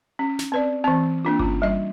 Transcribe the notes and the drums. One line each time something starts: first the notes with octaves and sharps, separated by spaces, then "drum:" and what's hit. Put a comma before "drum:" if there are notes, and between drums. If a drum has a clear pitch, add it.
C#4
drum: snare
C4 B4 D5
E3 C4
A#3 D4 F4
C#4 F4, drum: kick G1
G3 D#5